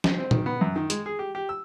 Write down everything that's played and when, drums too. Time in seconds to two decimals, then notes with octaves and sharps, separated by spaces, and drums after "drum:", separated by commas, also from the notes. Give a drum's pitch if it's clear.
0.04 drum: snare
0.18 C4
0.31 D#3, drum: tom
0.46 B3
0.61 F#2
0.76 D#3
0.90 G#3, drum: hi-hat
1.06 G#4
1.19 G4
1.35 G4
1.49 E6